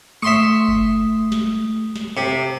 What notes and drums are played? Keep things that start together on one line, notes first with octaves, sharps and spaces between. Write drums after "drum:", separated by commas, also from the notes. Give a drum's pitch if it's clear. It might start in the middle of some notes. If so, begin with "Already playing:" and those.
A3 E5 C6 C#6 D#6
drum: kick F#1
drum: snare
drum: snare
C3